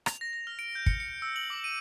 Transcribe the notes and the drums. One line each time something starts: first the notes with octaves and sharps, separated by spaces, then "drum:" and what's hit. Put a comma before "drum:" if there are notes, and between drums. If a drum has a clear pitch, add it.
F7, drum: rim click
A#6
A#6
F6
D7
G6
C#7, drum: kick
C#7
E6
F#7
D6
D#7